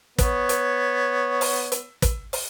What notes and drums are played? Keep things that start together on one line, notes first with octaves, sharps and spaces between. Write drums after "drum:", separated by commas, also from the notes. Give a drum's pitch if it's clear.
B3 C#5, drum: kick, hi-hat
drum: hi-hat
drum: open hi-hat
drum: hi-hat
drum: kick, hi-hat
drum: open hi-hat